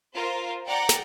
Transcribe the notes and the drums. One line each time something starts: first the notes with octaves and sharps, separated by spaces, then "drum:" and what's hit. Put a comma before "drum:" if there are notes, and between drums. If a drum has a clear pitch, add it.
F4 A#4 C5
D5 F#5 G5 A#5
drum: snare